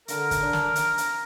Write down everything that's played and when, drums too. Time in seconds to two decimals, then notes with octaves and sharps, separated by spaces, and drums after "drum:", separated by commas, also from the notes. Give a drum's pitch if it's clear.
0.08 D3 A#4, drum: hi-hat
0.31 drum: kick, hi-hat
0.42 D4
0.53 drum: snare
0.75 drum: hi-hat
0.98 drum: hi-hat